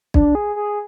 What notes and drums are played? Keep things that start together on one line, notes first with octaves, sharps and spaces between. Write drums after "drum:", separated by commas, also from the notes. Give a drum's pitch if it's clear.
D4, drum: kick B1
G#4
G#4